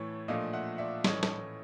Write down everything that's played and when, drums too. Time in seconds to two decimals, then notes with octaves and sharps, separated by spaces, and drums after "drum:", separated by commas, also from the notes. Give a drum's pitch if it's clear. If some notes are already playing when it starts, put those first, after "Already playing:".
Already playing: A2 E3 A3 C#5
0.28 A#2 F3 A3 D4 D#5 F5
0.53 E5 F#5
0.78 D5 E5
1.04 A2 E3 A3 C#4 C#5 D#5, drum: snare
1.23 drum: snare